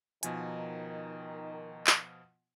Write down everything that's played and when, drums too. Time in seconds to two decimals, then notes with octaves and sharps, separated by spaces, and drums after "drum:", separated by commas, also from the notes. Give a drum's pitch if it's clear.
0.23 B2 D#3 F3 D#4 G#5, drum: hi-hat
1.87 drum: clap